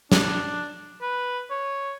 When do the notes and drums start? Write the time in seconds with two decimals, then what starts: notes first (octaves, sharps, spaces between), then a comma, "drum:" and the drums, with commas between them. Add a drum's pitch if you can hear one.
0.12 D4, drum: snare
1.01 B4
1.50 C#5